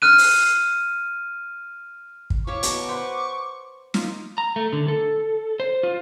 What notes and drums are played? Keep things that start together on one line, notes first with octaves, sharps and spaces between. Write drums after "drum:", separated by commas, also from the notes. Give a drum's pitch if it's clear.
F6 F#6 D#7
drum: open hi-hat
drum: kick
C#5 E5 F5 C#6 D6
B2 A5 A#5, drum: hi-hat
B4 C5 F#5
A#3 D#4 F4, drum: snare
A#5
A3
D3
A4
C5
F4